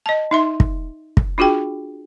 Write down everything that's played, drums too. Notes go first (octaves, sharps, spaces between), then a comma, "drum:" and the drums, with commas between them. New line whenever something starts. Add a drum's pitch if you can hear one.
D#5 A5
D#4 E5 C6
drum: kick
drum: kick
D4 F4 F#4 G#4 G5